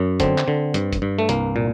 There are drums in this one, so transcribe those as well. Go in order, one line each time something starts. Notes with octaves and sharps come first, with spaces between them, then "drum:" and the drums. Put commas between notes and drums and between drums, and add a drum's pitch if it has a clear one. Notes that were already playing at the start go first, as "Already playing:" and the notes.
Already playing: F#2
D3 C4, drum: kick, hi-hat
drum: clap
D3
G2, drum: hi-hat
drum: kick, hi-hat
G2
A3
C2 A#3, drum: hi-hat
A#2